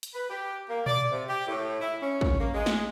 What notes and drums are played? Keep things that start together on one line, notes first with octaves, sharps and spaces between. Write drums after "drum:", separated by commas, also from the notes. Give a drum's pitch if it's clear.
drum: hi-hat
B4
G4
A#3
D5, drum: tom A#2
C3
G4
A2
E4
C#4
drum: kick
A#3
G#3
drum: snare